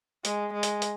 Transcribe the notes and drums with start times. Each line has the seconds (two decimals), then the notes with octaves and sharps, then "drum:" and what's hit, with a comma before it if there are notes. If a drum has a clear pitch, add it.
0.25 G#3, drum: hi-hat
0.53 G#3
0.63 drum: hi-hat
0.82 drum: hi-hat